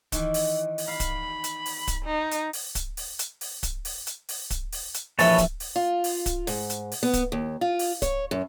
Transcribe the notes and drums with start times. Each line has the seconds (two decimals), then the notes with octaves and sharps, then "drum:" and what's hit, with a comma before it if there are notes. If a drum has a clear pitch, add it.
0.12 D#3 E3, drum: kick D1, hi-hat
0.34 drum: open hi-hat
0.78 drum: open hi-hat
0.88 F5 B5
1.00 drum: kick D1, hi-hat
1.44 drum: hi-hat
1.66 drum: open hi-hat
1.87 drum: kick D1, hi-hat
2.05 D#4
2.31 drum: hi-hat
2.53 drum: open hi-hat
2.75 drum: kick D1, hi-hat
2.97 drum: open hi-hat
3.19 drum: hi-hat
3.41 drum: open hi-hat
3.63 drum: kick D1, hi-hat
3.85 drum: open hi-hat
4.07 drum: hi-hat
4.29 drum: open hi-hat
4.50 drum: kick D1, hi-hat
4.72 drum: open hi-hat
4.94 drum: hi-hat
5.19 A#1 E3 B4 C#5 E5 A5, drum: open hi-hat
5.38 drum: kick D1, hi-hat
5.60 drum: open hi-hat
5.76 F4
6.04 drum: open hi-hat
6.26 drum: kick D1, hi-hat
6.47 G#2, drum: open hi-hat
6.70 drum: hi-hat
6.92 drum: open hi-hat
7.03 B3
7.13 drum: kick D1, hi-hat
7.32 D#2
7.61 F4
7.79 drum: open hi-hat
8.02 C#5, drum: kick D1, hi-hat
8.31 F#2